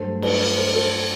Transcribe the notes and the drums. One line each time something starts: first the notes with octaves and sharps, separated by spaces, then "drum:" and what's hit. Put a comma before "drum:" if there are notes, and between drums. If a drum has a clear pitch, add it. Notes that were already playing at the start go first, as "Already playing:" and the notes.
Already playing: G2 F#3 A3 A4 C5
B4 D5, drum: cymbal
A4 C5
A4 C5